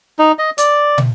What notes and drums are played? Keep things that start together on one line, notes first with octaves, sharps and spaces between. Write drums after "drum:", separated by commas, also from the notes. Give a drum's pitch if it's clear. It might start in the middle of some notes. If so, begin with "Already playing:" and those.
D#4
D#5
D5, drum: hi-hat
drum: tom